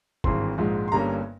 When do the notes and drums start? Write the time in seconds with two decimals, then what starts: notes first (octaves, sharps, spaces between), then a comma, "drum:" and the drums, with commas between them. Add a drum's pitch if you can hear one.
0.24 G#1 G2 E3 G#3 C4 C6, drum: kick
0.58 A#1 G#2 F3 G#3
0.88 C6
0.92 G1 G2 G3 A#3 C#4 A#5